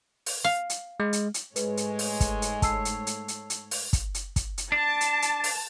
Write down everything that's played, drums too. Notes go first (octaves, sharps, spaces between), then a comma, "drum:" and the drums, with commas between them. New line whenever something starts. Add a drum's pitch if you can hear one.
drum: open hi-hat
F5
drum: hi-hat
G#3
drum: hi-hat
drum: hi-hat
G#2 G#3 A3 B4 C#5, drum: hi-hat
drum: hi-hat
drum: open hi-hat
drum: kick, hi-hat
drum: hi-hat
A5 E6 C7, drum: kick, hi-hat
drum: hi-hat
drum: hi-hat
drum: hi-hat
drum: hi-hat
drum: open hi-hat
drum: kick, hi-hat
drum: hi-hat
drum: kick, hi-hat
drum: hi-hat
D4 A5
drum: hi-hat
drum: hi-hat
drum: open hi-hat